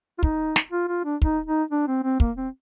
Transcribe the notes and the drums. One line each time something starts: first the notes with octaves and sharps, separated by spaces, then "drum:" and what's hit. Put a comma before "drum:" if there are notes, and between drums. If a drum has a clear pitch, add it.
F4
D#4, drum: kick
drum: snare
F4
F4
D4
D#4, drum: kick
D#4
D4
C4
C4
A#3, drum: kick
C4